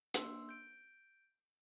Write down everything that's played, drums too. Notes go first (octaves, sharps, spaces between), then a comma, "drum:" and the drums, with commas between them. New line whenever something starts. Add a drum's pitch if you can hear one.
A#3 D4 C6 E6, drum: hi-hat
G6 D7